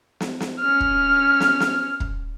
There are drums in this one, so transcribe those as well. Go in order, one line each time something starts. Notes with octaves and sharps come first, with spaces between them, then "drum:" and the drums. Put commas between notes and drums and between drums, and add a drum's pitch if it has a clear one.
drum: snare
drum: snare
C#4 F6
drum: kick
drum: snare
drum: snare
drum: kick